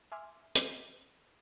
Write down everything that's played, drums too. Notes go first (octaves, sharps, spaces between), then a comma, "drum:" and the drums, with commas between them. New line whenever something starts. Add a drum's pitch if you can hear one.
E5 G#5 C6 D6 F6
drum: hi-hat